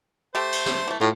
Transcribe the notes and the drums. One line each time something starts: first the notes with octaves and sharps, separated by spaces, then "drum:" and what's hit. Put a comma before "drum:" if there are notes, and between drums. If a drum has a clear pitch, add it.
A3 G4 A4 C5
drum: cymbal
drum: snare
E3 A3
A2 F4